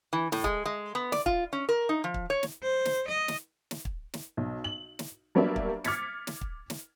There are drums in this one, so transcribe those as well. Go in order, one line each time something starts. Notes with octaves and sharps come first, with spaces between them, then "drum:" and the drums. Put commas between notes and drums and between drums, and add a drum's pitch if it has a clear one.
E3
A2, drum: snare
G#3, drum: kick
G#3
B3
D5, drum: snare
F4, drum: kick
C#4
A#4
D#4
F3
drum: kick
C#5
drum: snare
C5
drum: snare
D#5
drum: snare
drum: snare
drum: kick
drum: snare
B1
F#7
drum: snare
F#3 G3 A#3 B3 D4 E5
drum: kick
D6 F6 G#6 A6 B6 C#7, drum: snare
drum: snare
drum: kick
drum: snare